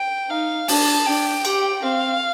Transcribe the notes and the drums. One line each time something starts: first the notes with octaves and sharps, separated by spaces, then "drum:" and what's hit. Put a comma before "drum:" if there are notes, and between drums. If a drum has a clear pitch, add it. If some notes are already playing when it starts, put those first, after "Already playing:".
Already playing: G5
D#4 F5
D4 A5, drum: open hi-hat
D4 G5
G4, drum: cymbal
C4 F5